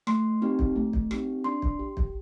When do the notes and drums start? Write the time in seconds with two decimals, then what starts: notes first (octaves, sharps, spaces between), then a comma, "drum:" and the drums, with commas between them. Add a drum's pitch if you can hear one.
0.07 A3 C6, drum: rim click
0.42 C4 D#4 G4
0.59 drum: kick
0.76 A3
0.93 drum: kick
1.11 C4 D#4 G4, drum: rim click
1.44 D4 C6
1.62 drum: kick
1.79 G4
1.97 drum: kick